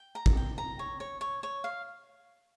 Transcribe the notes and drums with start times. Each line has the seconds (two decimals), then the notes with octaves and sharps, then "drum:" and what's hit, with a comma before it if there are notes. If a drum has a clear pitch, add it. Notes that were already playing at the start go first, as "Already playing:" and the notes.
Already playing: G5
0.15 A#5
0.26 drum: kick A1
0.37 G5
0.58 A#5
0.79 C#5
1.00 C#5
1.21 C#5
1.43 C#5
1.64 F5